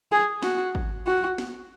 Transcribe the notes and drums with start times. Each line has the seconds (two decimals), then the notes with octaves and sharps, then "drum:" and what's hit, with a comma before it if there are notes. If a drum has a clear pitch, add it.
0.12 G#4
0.43 F#4, drum: snare
0.75 drum: kick G#1
1.07 F#4
1.38 drum: snare